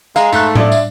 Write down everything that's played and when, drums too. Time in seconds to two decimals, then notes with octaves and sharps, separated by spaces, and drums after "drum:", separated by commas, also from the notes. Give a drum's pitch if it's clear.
0.16 G#3 F5 A#5, drum: tambourine
0.33 G#2 A3 A#5 C6 F#6, drum: tambourine
0.55 D4 E4 F4 D5 D#5, drum: tom A2
0.72 drum: tambourine